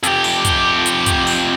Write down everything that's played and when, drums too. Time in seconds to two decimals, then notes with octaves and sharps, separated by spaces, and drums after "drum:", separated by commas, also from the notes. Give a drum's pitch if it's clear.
0.03 F2 G4, drum: hi-hat
0.24 drum: open hi-hat
0.45 drum: kick, hi-hat
0.86 drum: hi-hat
1.06 drum: kick, hi-hat
1.27 drum: open hi-hat